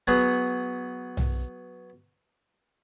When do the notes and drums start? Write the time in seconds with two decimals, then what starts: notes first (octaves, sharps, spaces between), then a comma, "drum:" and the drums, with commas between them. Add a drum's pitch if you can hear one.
0.07 F#3 B3 F#4 G#4
1.17 drum: tom